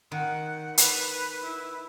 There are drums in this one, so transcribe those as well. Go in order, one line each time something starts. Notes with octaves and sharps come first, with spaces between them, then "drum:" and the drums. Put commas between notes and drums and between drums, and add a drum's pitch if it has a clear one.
D#3 F#5
B4, drum: hi-hat
E4